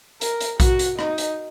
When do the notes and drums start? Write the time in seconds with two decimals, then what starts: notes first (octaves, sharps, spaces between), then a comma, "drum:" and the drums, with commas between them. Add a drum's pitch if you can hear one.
0.21 A#4, drum: hi-hat
0.41 drum: hi-hat
0.60 F#4, drum: kick A#1, hi-hat
0.79 drum: hi-hat
0.99 D#4, drum: rim click
1.18 drum: hi-hat